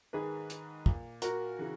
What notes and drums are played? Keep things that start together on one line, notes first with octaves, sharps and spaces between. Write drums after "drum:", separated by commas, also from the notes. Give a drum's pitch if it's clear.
G#2 D#3 G#4 B4
drum: hi-hat
A#2, drum: kick
F#4 A#4, drum: hi-hat
C#3 E3